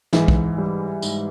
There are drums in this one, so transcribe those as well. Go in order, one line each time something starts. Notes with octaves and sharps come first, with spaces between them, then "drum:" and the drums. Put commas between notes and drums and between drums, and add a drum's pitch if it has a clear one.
G#2 E3 G#3, drum: snare
drum: kick
G3
G#2, drum: tambourine